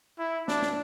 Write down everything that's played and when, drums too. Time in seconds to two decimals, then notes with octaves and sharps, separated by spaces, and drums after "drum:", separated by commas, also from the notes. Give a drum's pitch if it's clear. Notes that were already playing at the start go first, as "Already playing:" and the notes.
0.19 E4
0.48 D4, drum: snare
0.62 drum: snare